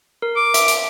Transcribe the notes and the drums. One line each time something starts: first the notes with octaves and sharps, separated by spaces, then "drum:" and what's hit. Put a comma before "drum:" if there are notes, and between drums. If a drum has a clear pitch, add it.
A#4
D6
E5, drum: hi-hat
drum: hi-hat